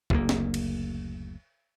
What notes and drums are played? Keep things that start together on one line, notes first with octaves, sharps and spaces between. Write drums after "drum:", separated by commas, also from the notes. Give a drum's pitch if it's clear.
F#1 D2 A#3, drum: kick C#2
drum: snare
drum: cymbal